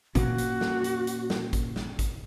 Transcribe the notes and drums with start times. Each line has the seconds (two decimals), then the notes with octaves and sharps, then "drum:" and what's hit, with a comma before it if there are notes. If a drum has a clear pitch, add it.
0.15 A#2 A#3 C#4 F#4, drum: kick, hi-hat
0.38 drum: hi-hat
0.61 drum: snare
0.84 drum: hi-hat
1.07 drum: hi-hat
1.30 drum: snare
1.53 drum: kick, hi-hat
1.76 drum: snare
1.99 drum: kick, hi-hat